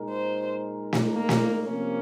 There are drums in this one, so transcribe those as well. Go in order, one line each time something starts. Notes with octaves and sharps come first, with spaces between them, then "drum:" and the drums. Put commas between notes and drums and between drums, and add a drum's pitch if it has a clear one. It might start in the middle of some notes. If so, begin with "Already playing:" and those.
Already playing: A#2 G#3 D#4 A#4
C5
drum: snare
A#3
drum: snare
C3 F3 A#3 C#4